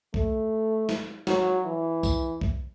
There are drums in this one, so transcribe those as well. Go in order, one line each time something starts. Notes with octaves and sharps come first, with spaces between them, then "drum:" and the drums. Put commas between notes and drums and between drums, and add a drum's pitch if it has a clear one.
A3, drum: kick C2
drum: snare
F#3, drum: snare
E3
drum: kick C2, tambourine
drum: kick C2